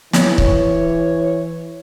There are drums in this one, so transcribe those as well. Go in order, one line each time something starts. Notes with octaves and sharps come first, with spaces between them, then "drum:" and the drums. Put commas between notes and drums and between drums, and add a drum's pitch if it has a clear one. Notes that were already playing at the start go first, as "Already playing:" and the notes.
E3 C#5, drum: snare
drum: kick